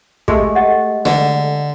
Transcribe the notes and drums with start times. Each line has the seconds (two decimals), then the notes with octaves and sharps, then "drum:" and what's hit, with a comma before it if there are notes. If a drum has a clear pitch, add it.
0.28 G#3 A3 G4 G#4, drum: kick
0.55 G4 D#5 F#5
1.05 D3, drum: snare